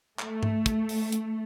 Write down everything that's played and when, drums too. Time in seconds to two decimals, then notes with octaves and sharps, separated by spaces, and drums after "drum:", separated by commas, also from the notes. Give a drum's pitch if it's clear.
0.19 A3, drum: clap
0.43 drum: tom G#2
0.66 drum: kick, hi-hat
0.89 drum: open hi-hat
1.12 drum: hi-hat